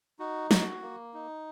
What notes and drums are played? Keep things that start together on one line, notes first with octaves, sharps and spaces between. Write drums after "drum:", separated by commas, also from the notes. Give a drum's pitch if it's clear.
D#4 F#4
F#4, drum: snare
A#3
D#4